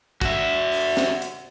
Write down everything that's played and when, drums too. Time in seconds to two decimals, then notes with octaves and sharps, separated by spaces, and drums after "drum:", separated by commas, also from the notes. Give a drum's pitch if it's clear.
0.21 F#4 E5, drum: kick, hi-hat
0.72 drum: open hi-hat
0.97 drum: snare
1.22 drum: hi-hat